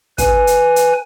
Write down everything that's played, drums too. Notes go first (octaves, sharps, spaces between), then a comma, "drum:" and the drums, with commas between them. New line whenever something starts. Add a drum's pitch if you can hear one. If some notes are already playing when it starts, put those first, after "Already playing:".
B4 G#5, drum: kick, hi-hat
drum: hi-hat
drum: hi-hat